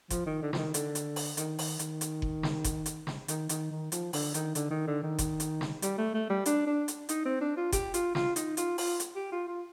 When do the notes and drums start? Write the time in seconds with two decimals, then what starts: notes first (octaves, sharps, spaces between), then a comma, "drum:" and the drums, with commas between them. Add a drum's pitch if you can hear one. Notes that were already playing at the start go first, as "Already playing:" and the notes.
0.10 F3, drum: kick F#1, hi-hat
0.26 D#3
0.42 D3
0.53 F3, drum: snare
0.58 D#3
0.74 D3, drum: hi-hat
0.95 drum: hi-hat
1.16 drum: open hi-hat
1.37 D#3, drum: hi-hat
1.59 D#3, drum: open hi-hat
1.79 D#3, drum: hi-hat
2.01 drum: hi-hat
2.22 drum: kick F#1
2.43 drum: snare
2.64 drum: kick F#1, hi-hat
2.86 drum: hi-hat
3.07 drum: snare
3.28 D#3, drum: hi-hat
3.49 D#3, drum: hi-hat
3.70 D#3
3.92 F3, drum: hi-hat
4.13 D3, drum: open hi-hat
4.34 D#3, drum: hi-hat
4.55 D3, drum: hi-hat
4.70 D#3
4.87 D3
5.03 D#3
5.18 drum: kick F#1, hi-hat
5.40 drum: hi-hat
5.61 drum: snare
5.82 G3, drum: hi-hat
5.98 A3
6.14 A3
6.30 G3
6.46 D4, drum: hi-hat
6.66 D4
6.88 drum: hi-hat
7.09 D#4, drum: hi-hat
7.25 C4
7.41 D4
7.57 F4
7.72 G4, drum: kick F#1, hi-hat
7.94 F4, drum: hi-hat
8.15 F4, drum: snare
8.36 D#4, drum: hi-hat
8.57 F4, drum: hi-hat
8.78 F4, drum: open hi-hat
9.00 drum: hi-hat
9.15 G4
9.32 F4
9.47 F4